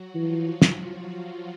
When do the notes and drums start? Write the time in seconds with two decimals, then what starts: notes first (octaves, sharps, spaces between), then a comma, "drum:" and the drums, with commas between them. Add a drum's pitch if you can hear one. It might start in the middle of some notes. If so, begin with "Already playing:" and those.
Already playing: F#3 F#4
0.15 E3 F3 F4
0.62 drum: snare